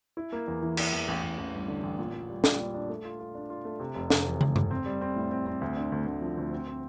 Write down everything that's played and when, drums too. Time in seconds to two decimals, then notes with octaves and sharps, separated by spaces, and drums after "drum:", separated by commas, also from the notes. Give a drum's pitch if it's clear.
0.17 E4
0.32 A#3
0.48 E2
0.63 E3
0.77 E4, drum: cymbal
0.93 E2
1.08 A1
1.23 A1
1.38 A1
1.54 G2
1.68 D3
1.83 A1
1.98 A#2
2.14 A#2
2.29 G3
2.44 G3, drum: snare
2.59 A#2
2.74 D4
2.89 A3
3.04 F4
3.20 F4
3.35 D4
3.50 F4
3.65 A3
3.80 C3
3.95 F1
4.10 F1, drum: snare
4.26 E2
4.41 F1, drum: tom
4.56 F1, drum: tom G2
4.71 C4
4.86 G3
5.01 C4
5.16 A2
5.31 C4
5.47 C4
5.61 D2
5.77 D3
5.92 D2
6.07 D2
6.22 F3
6.37 D2
6.52 C4
6.67 C4